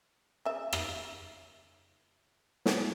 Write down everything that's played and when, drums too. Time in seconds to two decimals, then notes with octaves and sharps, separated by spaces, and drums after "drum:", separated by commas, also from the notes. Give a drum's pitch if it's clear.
0.45 C#3 E5
0.73 drum: rim click
2.66 drum: snare